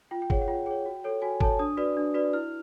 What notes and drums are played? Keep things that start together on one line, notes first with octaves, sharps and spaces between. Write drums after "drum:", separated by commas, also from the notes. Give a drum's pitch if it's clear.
F4 G5
G5
G#4 C#5 F#5, drum: kick
F#5
F4 G5
G#4 C#5 G5
F#4
A4 C#5
F#4 G#5
A4 C#5 A5, drum: kick
D4 D#6
F#4 B4 D5
D4
F#4 B4 D5
E4 F6